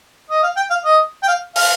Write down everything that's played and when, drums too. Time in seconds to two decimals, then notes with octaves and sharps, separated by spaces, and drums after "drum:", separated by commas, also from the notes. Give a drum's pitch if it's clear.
0.30 D#5
0.43 F5
0.57 G5
0.70 F5
0.85 D#5
1.23 G5
1.28 F5
1.56 F5, drum: open hi-hat